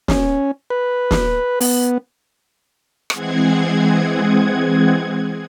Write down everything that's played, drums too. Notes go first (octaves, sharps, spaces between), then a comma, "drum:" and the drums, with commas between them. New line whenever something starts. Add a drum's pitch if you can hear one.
C#4, drum: snare
B4
drum: snare
B3, drum: open hi-hat
E3 G#3 C4 G#4 F#5 G#6, drum: rim click